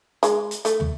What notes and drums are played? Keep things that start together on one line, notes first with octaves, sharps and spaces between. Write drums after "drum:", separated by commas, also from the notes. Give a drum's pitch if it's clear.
G#3, drum: hi-hat
drum: hi-hat
A3, drum: hi-hat
drum: tom